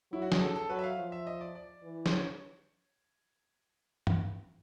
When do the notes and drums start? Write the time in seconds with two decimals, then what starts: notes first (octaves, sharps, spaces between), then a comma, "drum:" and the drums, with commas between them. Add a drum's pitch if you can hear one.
0.12 F#3 E4
0.22 F#4
0.32 G#4, drum: snare
0.41 A4
0.56 A4
0.70 F#3 B4
0.79 E5
0.84 F5
0.98 F3
1.12 E5
1.27 D#5
1.41 D5
1.55 D5
1.83 E3
2.06 C5, drum: snare
2.12 C#5
4.07 drum: tom G2